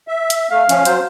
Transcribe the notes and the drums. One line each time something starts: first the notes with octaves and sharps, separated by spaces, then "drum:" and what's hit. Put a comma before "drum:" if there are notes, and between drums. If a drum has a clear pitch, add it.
E5
drum: hi-hat
A3 F5
F3 C#4, drum: hi-hat
F#3 C5, drum: hi-hat